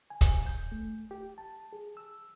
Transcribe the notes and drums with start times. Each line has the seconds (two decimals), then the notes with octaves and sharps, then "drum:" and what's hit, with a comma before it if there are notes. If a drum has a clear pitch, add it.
0.10 G#5
0.21 drum: kick, hi-hat
0.46 G6
0.72 A3
1.11 G4
1.38 A5
1.73 G#4
1.97 E6